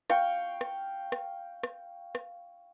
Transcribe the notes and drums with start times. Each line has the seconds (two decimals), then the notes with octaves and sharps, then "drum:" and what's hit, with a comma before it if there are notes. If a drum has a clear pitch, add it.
0.10 F5 G5 C#6, drum: rim click
0.61 drum: rim click
1.12 drum: rim click
1.63 drum: rim click
2.15 drum: rim click